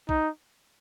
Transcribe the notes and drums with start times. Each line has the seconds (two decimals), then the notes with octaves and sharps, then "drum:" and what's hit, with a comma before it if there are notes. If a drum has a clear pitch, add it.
0.09 D#4, drum: kick